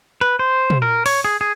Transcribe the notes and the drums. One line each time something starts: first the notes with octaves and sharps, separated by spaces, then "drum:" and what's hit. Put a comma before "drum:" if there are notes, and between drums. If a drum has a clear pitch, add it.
B4
C5
drum: tom
A#4
C#5, drum: open hi-hat
G#4
G#4